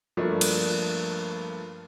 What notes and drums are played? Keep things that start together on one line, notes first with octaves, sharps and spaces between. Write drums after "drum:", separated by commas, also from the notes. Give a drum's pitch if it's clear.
G2 F3 A3 A#3 D4
drum: cymbal